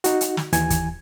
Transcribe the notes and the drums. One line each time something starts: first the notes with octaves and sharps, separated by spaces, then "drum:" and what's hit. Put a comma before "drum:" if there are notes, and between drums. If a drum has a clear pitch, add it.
D#4 F#4, drum: hi-hat
drum: hi-hat
drum: snare
D#2 E3 G#5 G#6, drum: hi-hat
drum: kick, hi-hat